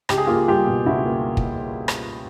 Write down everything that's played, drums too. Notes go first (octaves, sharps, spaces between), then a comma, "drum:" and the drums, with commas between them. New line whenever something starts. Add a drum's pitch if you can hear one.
C#2 G4, drum: rim click
G#4
A#3 F4 G4
G3 F4 G4
B2
C#2 E4 F#4
A#3
drum: kick
drum: rim click